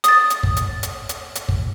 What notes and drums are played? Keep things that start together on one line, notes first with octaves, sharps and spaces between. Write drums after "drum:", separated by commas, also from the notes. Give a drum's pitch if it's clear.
D#6 A6, drum: hi-hat
drum: hi-hat
drum: kick
drum: hi-hat
drum: hi-hat
drum: hi-hat
drum: hi-hat
drum: kick